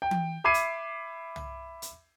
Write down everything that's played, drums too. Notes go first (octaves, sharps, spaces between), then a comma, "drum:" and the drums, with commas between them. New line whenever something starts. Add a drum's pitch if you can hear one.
G5
drum: tom E3
E5 B5 D6 G#6 C7 D#7
drum: hi-hat
drum: tom
drum: hi-hat